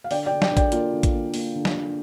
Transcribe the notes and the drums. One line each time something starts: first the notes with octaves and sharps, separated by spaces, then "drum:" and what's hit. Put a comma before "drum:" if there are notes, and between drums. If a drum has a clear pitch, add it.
F5
D3 D5 G5, drum: open hi-hat
D5 G5
D3
D5 G5, drum: snare
D3
D5 G5, drum: kick, hi-hat
A#3 F4 A#4, drum: hi-hat
D3
drum: kick, hi-hat
A#3
A#3, drum: open hi-hat
D3
drum: snare
D3